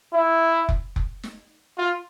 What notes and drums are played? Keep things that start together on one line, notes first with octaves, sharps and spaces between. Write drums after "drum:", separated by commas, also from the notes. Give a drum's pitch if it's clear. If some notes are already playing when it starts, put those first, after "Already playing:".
E4
drum: kick F1
drum: kick F1
drum: snare
F4